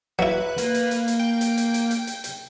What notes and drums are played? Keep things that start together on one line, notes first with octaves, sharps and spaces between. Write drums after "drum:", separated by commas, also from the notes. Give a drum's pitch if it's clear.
F#3 E4 B4
A#3, drum: hi-hat
drum: hi-hat
drum: hi-hat
drum: hi-hat
G5
drum: hi-hat
drum: hi-hat
drum: hi-hat
drum: hi-hat
drum: hi-hat
drum: hi-hat